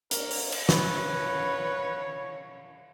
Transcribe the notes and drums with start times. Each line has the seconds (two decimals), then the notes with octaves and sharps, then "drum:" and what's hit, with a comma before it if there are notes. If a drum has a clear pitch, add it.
0.11 A#4, drum: hi-hat
0.31 drum: open hi-hat
0.52 drum: cymbal
0.69 B4 C#5, drum: snare